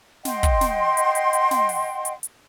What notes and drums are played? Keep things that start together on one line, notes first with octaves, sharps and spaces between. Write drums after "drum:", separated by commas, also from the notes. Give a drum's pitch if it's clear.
D#5 F#5 G5 C6, drum: snare
drum: kick, hi-hat
drum: snare
drum: hi-hat
drum: hi-hat
drum: hi-hat
drum: snare
drum: open hi-hat
drum: hi-hat
drum: hi-hat